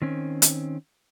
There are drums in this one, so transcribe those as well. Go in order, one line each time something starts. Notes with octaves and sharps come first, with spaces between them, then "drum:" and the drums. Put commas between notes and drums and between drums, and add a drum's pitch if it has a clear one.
D#3 C4 C#4
drum: hi-hat